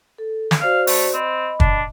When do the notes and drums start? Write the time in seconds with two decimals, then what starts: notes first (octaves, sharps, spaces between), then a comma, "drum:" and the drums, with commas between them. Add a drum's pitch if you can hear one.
0.18 A4
0.51 drum: snare
0.61 F#4 C5 D5 F5
0.87 A3, drum: open hi-hat
1.13 C4 D#5 B5
1.60 D4, drum: kick